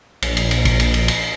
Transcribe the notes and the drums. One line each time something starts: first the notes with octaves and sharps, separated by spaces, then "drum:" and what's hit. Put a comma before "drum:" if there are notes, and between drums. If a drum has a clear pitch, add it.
A#1, drum: cymbal
drum: cymbal
drum: cymbal
drum: kick, cymbal
drum: cymbal
drum: cymbal
drum: cymbal